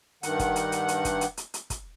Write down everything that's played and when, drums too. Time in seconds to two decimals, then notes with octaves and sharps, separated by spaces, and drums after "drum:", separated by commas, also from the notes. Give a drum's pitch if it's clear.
0.23 G2 D#3 F#5, drum: hi-hat
0.39 drum: kick, hi-hat
0.56 drum: hi-hat
0.72 drum: hi-hat
0.88 drum: hi-hat
1.05 drum: kick, hi-hat
1.21 drum: hi-hat
1.37 drum: hi-hat
1.54 drum: hi-hat
1.70 drum: kick, hi-hat